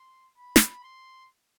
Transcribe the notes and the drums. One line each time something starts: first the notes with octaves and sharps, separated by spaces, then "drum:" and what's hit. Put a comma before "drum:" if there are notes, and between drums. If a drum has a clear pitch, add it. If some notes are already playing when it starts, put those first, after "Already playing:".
Already playing: C6
B5
drum: snare
C6